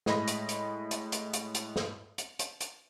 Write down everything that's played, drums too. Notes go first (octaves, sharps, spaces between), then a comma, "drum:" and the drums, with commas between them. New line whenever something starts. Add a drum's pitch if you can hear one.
A2 G#3 D#5 B5 A#6, drum: snare
drum: hi-hat
drum: hi-hat
drum: hi-hat
drum: hi-hat
drum: hi-hat
drum: hi-hat
drum: snare
drum: hi-hat
drum: hi-hat
drum: hi-hat